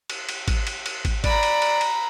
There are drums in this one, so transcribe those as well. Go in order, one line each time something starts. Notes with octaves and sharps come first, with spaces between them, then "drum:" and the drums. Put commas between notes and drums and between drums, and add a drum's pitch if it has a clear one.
drum: cymbal
drum: cymbal
drum: kick, cymbal
drum: cymbal
drum: cymbal
drum: kick, cymbal
D5 A#5 B5, drum: kick, cymbal
drum: cymbal
drum: cymbal
drum: cymbal